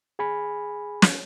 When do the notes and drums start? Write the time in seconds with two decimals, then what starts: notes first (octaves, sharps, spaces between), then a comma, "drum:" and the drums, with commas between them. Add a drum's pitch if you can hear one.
0.19 G#4 G#5 B5
1.02 drum: snare